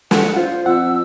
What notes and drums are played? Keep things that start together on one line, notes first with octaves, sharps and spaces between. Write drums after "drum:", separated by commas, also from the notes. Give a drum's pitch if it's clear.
F#5, drum: snare
F4 C5
F2 F#5 E6